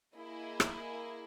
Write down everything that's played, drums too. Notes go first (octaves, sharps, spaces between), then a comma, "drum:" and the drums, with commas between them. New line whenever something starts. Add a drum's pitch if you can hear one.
A#3 E4 G#4 D#5
drum: rim click